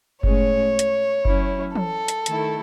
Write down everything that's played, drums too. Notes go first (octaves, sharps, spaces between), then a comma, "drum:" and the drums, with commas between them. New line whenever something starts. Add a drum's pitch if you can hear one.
A2 G#3 C#4 C#5, drum: kick F#1
drum: hi-hat
F#3 C#4 E4, drum: kick F#1
A4, drum: tom E3
drum: hi-hat
D#3 A3 E4, drum: hi-hat